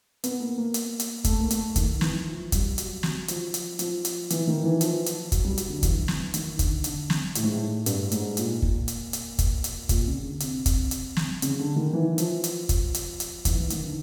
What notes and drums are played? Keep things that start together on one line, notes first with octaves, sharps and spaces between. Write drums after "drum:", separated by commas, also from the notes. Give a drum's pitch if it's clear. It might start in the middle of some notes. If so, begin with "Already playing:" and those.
B3, drum: hi-hat
A#3
A#3
drum: hi-hat
drum: hi-hat
A3, drum: kick, hi-hat
A#3
A3, drum: hi-hat
D#3, drum: kick, hi-hat
E3, drum: snare
F3
G3, drum: kick, hi-hat
F#3, drum: hi-hat
drum: snare
F3, drum: hi-hat
drum: hi-hat
F3, drum: hi-hat
drum: hi-hat
E3, drum: hi-hat
D#3
E3
F3, drum: hi-hat
drum: hi-hat
F#3, drum: kick, hi-hat
G3
F#3, drum: hi-hat
D3
E3, drum: kick, hi-hat
drum: snare
D#3, drum: hi-hat
D3, drum: kick, hi-hat
D3, drum: hi-hat
drum: snare
A2, drum: hi-hat
G#2
A2
G2, drum: hi-hat
G#2, drum: hi-hat
A#2, drum: hi-hat
drum: kick
drum: hi-hat
drum: hi-hat
drum: kick, hi-hat
drum: hi-hat
A#2, drum: kick, hi-hat
C#3
D3
C3, drum: hi-hat
drum: kick, hi-hat
drum: hi-hat
drum: snare
C#3, drum: hi-hat
D3
D#3
E3
F3, drum: hi-hat
drum: hi-hat
drum: kick, hi-hat
drum: hi-hat
drum: hi-hat
E3, drum: kick, hi-hat
E3
D#3, drum: hi-hat
D3